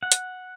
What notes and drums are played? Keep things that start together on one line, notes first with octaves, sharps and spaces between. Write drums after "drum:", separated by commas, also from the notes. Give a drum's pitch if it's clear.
F#5
drum: hi-hat